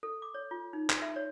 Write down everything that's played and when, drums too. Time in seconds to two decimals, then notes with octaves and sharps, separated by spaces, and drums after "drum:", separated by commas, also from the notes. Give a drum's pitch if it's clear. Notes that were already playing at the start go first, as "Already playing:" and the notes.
0.03 A4
0.22 D6
0.34 C#5
0.51 F4
0.73 D#4
0.90 C6, drum: clap
1.02 E5
1.16 C#5